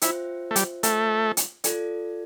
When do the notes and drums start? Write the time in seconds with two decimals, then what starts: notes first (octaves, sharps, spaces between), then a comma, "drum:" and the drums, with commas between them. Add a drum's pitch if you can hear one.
0.02 E4 F4 C5 E5 G5, drum: hi-hat
0.51 A3
0.56 G3, drum: hi-hat
0.83 A3, drum: hi-hat
1.37 drum: hi-hat
1.64 F4 A4 D5, drum: hi-hat